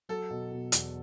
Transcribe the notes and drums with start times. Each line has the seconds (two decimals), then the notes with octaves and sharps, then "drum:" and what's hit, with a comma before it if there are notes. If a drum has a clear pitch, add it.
0.09 F#3 A4
0.30 B2
0.51 B2
0.72 E2, drum: hi-hat